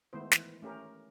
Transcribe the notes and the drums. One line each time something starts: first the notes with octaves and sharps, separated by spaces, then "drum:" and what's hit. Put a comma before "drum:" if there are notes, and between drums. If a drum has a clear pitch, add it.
D#3 G#3 A3 B3 E4 C5
E3, drum: snare
A3 C#4 G4 A#4